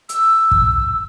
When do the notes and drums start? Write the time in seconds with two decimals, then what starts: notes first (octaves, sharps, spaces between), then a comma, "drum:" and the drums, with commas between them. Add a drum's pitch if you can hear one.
0.09 E6, drum: hi-hat
0.51 drum: kick